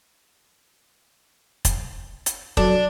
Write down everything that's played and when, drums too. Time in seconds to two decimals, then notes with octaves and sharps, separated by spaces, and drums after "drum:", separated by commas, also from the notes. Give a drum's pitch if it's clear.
1.65 drum: kick, hi-hat
2.26 drum: hi-hat
2.57 F#3 D4 A4, drum: kick